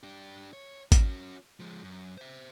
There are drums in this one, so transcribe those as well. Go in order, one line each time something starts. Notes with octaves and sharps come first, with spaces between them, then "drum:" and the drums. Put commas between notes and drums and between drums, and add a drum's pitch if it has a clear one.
D4 G4
C#5
C#4 F#4, drum: kick G#1, hi-hat
F3 G#3
F#2
C5 E5